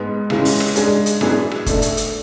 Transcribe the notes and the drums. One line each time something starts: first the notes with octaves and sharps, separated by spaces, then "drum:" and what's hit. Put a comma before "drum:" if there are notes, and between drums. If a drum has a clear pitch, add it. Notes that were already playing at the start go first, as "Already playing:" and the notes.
Already playing: G#2 G#3 B3
C#3 E3 G#3 C#4, drum: rim click
drum: open hi-hat
drum: rim click
G#3 D4 G#4, drum: hi-hat
drum: hi-hat
F#2 E3 B3 D4 G#4, drum: rim click
drum: rim click
A3 D4 A4 E5, drum: kick F#1, hi-hat
drum: hi-hat
drum: hi-hat